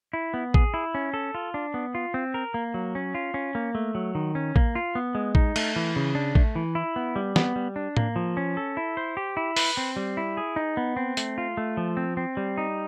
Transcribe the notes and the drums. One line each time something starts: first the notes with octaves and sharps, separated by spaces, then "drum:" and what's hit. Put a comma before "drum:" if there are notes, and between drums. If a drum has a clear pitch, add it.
E4
B3
G#4, drum: kick A1
E4
C#4
A4
F4
D4
B3
F4
C4
A#4
A#3
F#3
C#4
F4
C#4
A#3
A3
F#3
D#3
C#4
A#3, drum: kick A1
F4
B3
G#3
D#4, drum: kick A1
A3, drum: cymbal
E3
C#3
D4
A3, drum: kick A1
E3
E4
B3
G3
B3, drum: snare
G3
D4
A#3, drum: tom A2
F3
C#4
A4
E4
C5
G4
E4
B4, drum: open hi-hat
C4
G3
E4
G#4
D#4
B3
C4
A3, drum: hi-hat
F4
A3
F3
C4
C4
G3
D#4